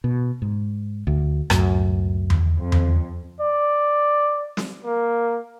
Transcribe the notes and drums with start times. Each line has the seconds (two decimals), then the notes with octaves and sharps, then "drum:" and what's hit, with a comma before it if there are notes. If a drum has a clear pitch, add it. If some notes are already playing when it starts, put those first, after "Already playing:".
0.04 B2
0.42 G#2
1.07 D2
1.50 C#2 F#2 A2, drum: rim click
2.30 drum: tom E2
2.57 F2
2.72 drum: tom E2
3.41 D5
4.57 drum: snare
4.84 A#3